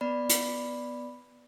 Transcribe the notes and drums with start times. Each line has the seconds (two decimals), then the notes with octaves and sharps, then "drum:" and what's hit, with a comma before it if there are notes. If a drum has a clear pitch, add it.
0.01 B3 D5 B5
0.29 drum: hi-hat